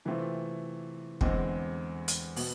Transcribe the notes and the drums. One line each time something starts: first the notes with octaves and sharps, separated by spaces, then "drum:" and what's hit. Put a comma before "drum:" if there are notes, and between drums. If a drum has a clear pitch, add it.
C3 E3 A3 C4 F4
E2 D3 G#3 C4, drum: kick
drum: hi-hat
B2 B3, drum: open hi-hat